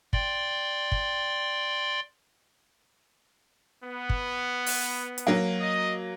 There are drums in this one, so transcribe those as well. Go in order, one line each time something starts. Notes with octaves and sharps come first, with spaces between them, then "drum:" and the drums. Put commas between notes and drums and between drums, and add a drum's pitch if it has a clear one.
D5 G5 C6, drum: kick
drum: kick
B3
drum: kick
drum: open hi-hat
drum: hi-hat
F#3 A#3
D#5